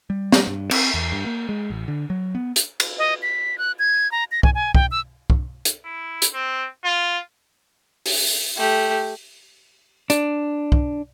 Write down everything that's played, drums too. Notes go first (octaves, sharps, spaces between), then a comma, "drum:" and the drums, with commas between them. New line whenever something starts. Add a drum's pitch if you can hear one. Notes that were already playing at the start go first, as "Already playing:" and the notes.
G3
drum: snare
G2
C4, drum: cymbal
E2
G2
A#3
G#3
A1
D3
F#3
B3
drum: hi-hat
drum: cymbal
D#5
B6
F#6
G#6
A#5
A#6
G#5, drum: kick
G#5
G5, drum: kick
E6
drum: kick
drum: hi-hat
E4
drum: hi-hat
C4
F4
drum: open hi-hat
drum: tambourine
A3 G4
D4, drum: hi-hat
drum: kick